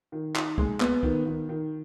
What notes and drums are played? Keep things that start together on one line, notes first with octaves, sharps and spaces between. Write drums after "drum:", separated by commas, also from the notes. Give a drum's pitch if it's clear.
D#3
D#4, drum: clap
G#3, drum: kick
B3, drum: clap
D#3, drum: kick
D#3
D#3